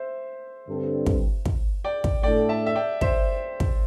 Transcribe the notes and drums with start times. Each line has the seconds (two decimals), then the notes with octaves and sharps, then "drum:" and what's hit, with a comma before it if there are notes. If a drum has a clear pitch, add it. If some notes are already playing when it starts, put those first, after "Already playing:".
Already playing: C5 E5
0.67 G2 D3 G3 C4 A4
1.06 drum: kick
1.45 drum: kick
1.84 D5 G5
2.04 drum: kick
2.23 A2 A3 D4 A4 D5 G5
2.49 E5 A5
2.66 E5
2.75 D5 G5
3.01 C5 E5, drum: kick
3.60 drum: kick